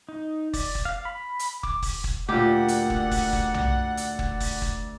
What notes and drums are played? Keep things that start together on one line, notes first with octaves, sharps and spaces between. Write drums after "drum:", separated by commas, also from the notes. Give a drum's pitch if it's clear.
D#4
D5, drum: kick, open hi-hat
drum: kick
F5
B5
drum: hi-hat
D6, drum: kick
drum: kick, open hi-hat
drum: kick
D2 A#2 G4 D5 F#5
drum: hi-hat
drum: kick
drum: kick, open hi-hat
drum: kick
drum: tom B1
drum: hi-hat
drum: kick
drum: kick, open hi-hat
drum: kick